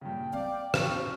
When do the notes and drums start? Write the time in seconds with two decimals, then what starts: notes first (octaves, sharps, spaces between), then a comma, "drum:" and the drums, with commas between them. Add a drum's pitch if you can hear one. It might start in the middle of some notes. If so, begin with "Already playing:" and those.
0.01 G2 A#2 C#3 G5
0.33 C4 D5 F5
0.74 B2 F#3 C#4, drum: rim click